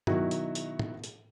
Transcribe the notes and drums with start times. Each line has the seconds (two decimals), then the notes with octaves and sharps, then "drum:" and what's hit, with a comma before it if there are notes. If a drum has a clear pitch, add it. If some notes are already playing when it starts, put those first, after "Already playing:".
0.07 B2 D#3 F#3 E4 F#4, drum: tom G2
0.31 drum: hi-hat
0.55 drum: hi-hat
0.79 drum: tom
1.04 drum: hi-hat